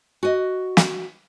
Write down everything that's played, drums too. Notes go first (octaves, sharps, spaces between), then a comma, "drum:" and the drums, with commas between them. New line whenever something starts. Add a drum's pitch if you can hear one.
F#4 D#5
drum: snare